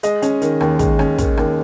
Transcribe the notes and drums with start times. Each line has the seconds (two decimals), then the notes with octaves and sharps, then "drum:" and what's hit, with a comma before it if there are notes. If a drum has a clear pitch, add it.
0.03 G#3 D#5, drum: hi-hat
0.22 C#4, drum: hi-hat
0.42 D#3, drum: hi-hat
0.61 D#2, drum: rim click
0.79 G#3, drum: kick, hi-hat
0.99 C#4, drum: rim click
1.18 D#3, drum: kick, hi-hat
1.37 D#2, drum: rim click